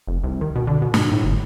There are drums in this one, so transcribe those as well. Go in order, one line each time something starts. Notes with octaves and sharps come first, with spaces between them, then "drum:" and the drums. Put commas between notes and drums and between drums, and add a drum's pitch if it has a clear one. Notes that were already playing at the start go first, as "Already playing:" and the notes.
F1
C2
D#3
B2
D3
B2
G#2, drum: snare
A2
G1